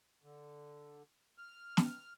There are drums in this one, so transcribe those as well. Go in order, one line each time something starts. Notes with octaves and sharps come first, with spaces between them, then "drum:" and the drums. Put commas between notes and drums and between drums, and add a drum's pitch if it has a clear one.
D3
F6
drum: snare